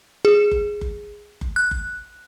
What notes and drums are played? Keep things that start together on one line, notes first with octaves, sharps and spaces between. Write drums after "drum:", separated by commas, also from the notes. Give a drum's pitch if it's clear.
G#4
drum: kick F#1
drum: kick F#1
drum: kick F#1
F#6
drum: kick F#1